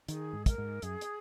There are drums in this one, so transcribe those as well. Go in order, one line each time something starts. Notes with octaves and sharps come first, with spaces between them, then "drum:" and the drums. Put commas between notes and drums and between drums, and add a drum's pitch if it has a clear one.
D#3 G#4, drum: hi-hat
G#2
A#4, drum: kick, hi-hat
G#2
F#2 G#4, drum: hi-hat
drum: hi-hat